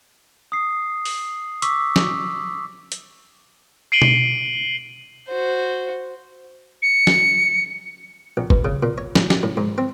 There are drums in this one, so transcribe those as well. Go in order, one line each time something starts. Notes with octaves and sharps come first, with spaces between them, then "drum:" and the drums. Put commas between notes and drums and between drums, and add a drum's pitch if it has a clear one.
D#6 C7
drum: open hi-hat
C#6 D6 E6 B6, drum: hi-hat
drum: snare
drum: hi-hat
C7 D7 D#7 F#7 G7
drum: tom B2
F#4 C5
C#7
drum: snare
A#1
G2, drum: kick
C#3
A#2
C#5
A2, drum: snare
G4, drum: snare
A2
G#2
C4